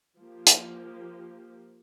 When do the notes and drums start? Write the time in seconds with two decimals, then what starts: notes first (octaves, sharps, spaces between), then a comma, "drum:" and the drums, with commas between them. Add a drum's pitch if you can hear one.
0.18 F3 A#3 G4
0.47 drum: hi-hat